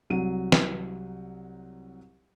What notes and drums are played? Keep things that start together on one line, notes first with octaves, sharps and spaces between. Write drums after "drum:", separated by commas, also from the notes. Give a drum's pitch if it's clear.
C2 F#3 D#7
drum: snare